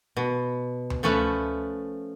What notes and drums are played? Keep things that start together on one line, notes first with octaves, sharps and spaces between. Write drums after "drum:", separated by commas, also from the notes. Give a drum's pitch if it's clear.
B2
drum: tom D2
F3 A3 C#4 B4 E5